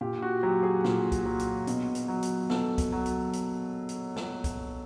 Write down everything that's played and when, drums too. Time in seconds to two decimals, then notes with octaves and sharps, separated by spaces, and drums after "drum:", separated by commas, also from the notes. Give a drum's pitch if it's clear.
0.01 A#2 G4
0.22 F#4
0.43 F#3 G4
0.63 G#4
0.84 A#2, drum: snare
1.12 drum: kick C2, hi-hat
1.26 F#3
1.40 drum: hi-hat
1.67 B2, drum: hi-hat
1.95 drum: hi-hat
2.08 F#3
2.23 drum: hi-hat
2.50 B2 A4, drum: snare
2.78 drum: kick C2, hi-hat
2.92 F#3
3.06 drum: hi-hat
3.33 drum: hi-hat
3.89 drum: hi-hat
4.16 drum: snare
4.44 drum: kick C2, hi-hat